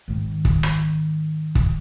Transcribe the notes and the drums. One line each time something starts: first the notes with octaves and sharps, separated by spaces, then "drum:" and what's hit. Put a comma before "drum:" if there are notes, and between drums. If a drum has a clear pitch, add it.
G#2 D#3
drum: kick
drum: rim click
drum: kick